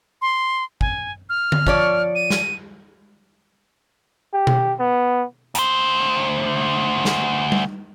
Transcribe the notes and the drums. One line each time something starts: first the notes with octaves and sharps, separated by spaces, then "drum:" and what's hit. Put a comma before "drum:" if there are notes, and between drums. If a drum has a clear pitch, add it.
C6
G#5, drum: kick
F6
drum: tom D3
F3 C#5 D5, drum: kick
D#7
drum: snare
G4
drum: tom B2
B3
D2 C5, drum: hi-hat
drum: snare
drum: tom G3